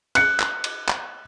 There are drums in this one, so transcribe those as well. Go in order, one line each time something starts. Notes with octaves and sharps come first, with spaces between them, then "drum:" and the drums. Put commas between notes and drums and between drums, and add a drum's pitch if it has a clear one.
F#6 C#7, drum: cymbal
drum: clap
drum: cymbal
drum: clap